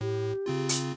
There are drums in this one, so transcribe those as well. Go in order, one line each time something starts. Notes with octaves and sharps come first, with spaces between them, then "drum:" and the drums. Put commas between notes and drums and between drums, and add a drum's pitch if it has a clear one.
A2 G4
C#3 C4 F4
drum: hi-hat